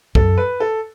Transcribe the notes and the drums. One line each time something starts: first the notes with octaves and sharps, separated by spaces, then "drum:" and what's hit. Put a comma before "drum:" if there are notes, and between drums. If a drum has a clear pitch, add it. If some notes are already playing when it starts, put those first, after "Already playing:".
F#2 A4, drum: kick
B4
A4